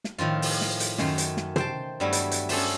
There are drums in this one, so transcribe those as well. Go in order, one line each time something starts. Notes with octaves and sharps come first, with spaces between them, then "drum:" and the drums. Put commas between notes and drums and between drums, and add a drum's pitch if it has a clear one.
drum: snare
A2 D#3 F3 F4
drum: open hi-hat
drum: snare
drum: hi-hat
F#2 D#3 A3 C6, drum: snare
drum: hi-hat
drum: snare
C5 G5 A5, drum: tom
G2 F#3 G3 A3 B3 E4
drum: hi-hat
drum: hi-hat
C#4 A4 C5 E5, drum: open hi-hat